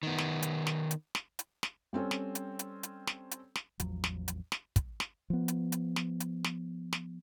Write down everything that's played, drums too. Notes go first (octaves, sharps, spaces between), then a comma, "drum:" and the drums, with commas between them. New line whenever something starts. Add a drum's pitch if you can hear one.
D#3 B3
drum: snare
drum: hi-hat
drum: snare
drum: hi-hat
drum: snare
drum: hi-hat
drum: snare
G3 C4 C#4 A4
drum: snare
drum: hi-hat
drum: hi-hat
drum: hi-hat
drum: snare
drum: hi-hat
drum: snare
A1 E2 F3 F#3, drum: hi-hat
drum: snare
drum: hi-hat
drum: snare
drum: kick, hi-hat
drum: snare
F3 B3
drum: hi-hat
drum: hi-hat
drum: snare
drum: hi-hat
drum: snare
drum: snare